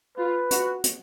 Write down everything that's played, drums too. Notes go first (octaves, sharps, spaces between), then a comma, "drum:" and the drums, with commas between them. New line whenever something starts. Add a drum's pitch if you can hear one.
F4 B4
F#4, drum: hi-hat
drum: hi-hat